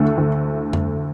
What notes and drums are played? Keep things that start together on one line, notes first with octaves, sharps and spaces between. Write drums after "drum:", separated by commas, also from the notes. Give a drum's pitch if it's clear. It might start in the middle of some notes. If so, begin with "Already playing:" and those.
Already playing: D2 D3 A3
D2
drum: tom F2